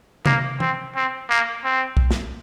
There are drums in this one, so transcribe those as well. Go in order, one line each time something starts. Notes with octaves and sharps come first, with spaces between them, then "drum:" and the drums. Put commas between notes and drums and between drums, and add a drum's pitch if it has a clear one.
A#3, drum: tom C3
C4, drum: tom E3
C4
A#3
C4
drum: kick B1
drum: snare